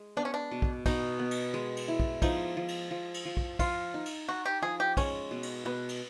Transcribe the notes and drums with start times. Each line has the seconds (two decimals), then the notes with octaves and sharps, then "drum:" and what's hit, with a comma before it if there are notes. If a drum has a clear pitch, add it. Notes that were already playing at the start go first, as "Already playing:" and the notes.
Already playing: G#3
0.17 B3 D4
0.25 C#4
0.34 D4
0.51 B2
0.62 drum: kick
0.86 B2 D#4, drum: kick, cymbal
1.19 B3
1.31 drum: cymbal
1.54 G#3
1.77 drum: cymbal
1.88 E4
2.00 drum: kick
2.22 F3 D#4, drum: kick, cymbal
2.57 F3
2.68 drum: cymbal
2.91 F3
3.14 drum: cymbal
3.25 F3
3.37 drum: kick
3.59 F3 F4, drum: kick, cymbal
3.94 D#4
4.06 drum: cymbal
4.28 D#4 F#4
4.45 G4
4.62 F3 G#4
4.80 G4
4.97 G#3 C#4, drum: kick, cymbal
5.31 B2
5.43 drum: cymbal
5.65 B2 B3
5.89 drum: cymbal